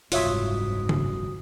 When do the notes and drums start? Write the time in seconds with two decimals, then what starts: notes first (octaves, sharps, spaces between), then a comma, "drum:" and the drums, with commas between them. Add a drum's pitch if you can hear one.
0.12 F#1 C2 G#2 F4 F#4 C#5 E5 D#6, drum: open hi-hat
0.89 drum: tom C#3